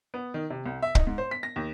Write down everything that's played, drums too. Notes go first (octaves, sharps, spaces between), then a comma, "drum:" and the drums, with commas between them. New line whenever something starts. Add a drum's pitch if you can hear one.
B3
D#3
C3
C2
E5
D#4, drum: kick
G#2
C5
B6
A#6
D#2